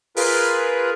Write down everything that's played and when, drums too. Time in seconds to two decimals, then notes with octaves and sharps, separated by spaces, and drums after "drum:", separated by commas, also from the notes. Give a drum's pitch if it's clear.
0.17 F4 G#4 A#4 B4, drum: open hi-hat